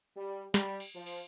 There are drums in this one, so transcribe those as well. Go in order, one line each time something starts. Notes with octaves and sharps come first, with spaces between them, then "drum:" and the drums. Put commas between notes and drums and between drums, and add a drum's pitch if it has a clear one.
G3
G3, drum: snare
drum: cymbal
F3
drum: cymbal